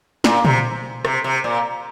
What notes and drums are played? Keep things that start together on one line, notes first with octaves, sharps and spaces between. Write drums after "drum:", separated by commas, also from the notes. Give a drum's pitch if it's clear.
A#2, drum: snare
C3, drum: tom A#2
C3, drum: rim click
C3
A#2